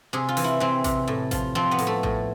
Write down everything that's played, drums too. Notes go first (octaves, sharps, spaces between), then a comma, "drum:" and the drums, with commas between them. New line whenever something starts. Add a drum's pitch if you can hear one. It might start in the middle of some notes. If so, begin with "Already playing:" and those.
C3 G#4
F4
E3, drum: open hi-hat
E4
E3 C4
C3, drum: kick A1, hi-hat
A2
F3, drum: kick A1, hi-hat
F3 C4
B3
A2, drum: hi-hat
A3
A2, drum: kick A1